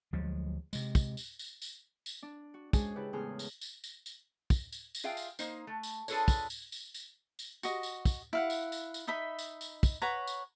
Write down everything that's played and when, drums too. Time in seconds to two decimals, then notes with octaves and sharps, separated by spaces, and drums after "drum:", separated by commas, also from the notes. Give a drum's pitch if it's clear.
0.13 D2 F3 F#3 G#3
0.73 C3 G#3, drum: tambourine
0.95 drum: kick, tambourine
1.17 drum: tambourine
1.39 drum: tambourine
1.62 drum: tambourine
2.06 drum: tambourine
2.23 D4
2.54 F#4
2.73 G#3 C#4 D4 F#4 G#4 C5, drum: kick, tambourine
2.96 C#3 D4 E4 G4 B4
3.13 E2 A2 C#3 G#4 C6 F6
3.39 drum: tambourine
3.61 drum: tambourine
3.84 drum: tambourine
4.06 drum: tambourine
4.50 drum: kick, tambourine
4.72 drum: tambourine
4.95 drum: tambourine
5.04 F4 G#4 E5 F5 G5
5.17 drum: tambourine
5.39 A#3 D#4 C5, drum: tambourine
5.67 A3
5.83 drum: tambourine
6.08 D4 F4 G#4 A4 B4 C#5, drum: tambourine
6.28 drum: kick, tambourine
6.50 drum: tambourine
6.72 drum: tambourine
6.94 drum: tambourine
7.39 drum: tambourine
7.63 F#4 D#5, drum: tambourine
7.83 drum: tambourine
8.05 drum: kick, tambourine
8.33 E4 F5 F#5
8.50 drum: tambourine
8.72 drum: tambourine
8.94 drum: tambourine
9.07 D#4 D#5 E5 B5
9.39 drum: tambourine
9.61 drum: tambourine
9.83 drum: kick, tambourine
10.02 B4 C#5 F#5 A#5
10.27 drum: tambourine